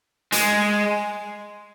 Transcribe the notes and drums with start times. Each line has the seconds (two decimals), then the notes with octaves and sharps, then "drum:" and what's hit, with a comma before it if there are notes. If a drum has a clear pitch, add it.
0.32 G#3, drum: hi-hat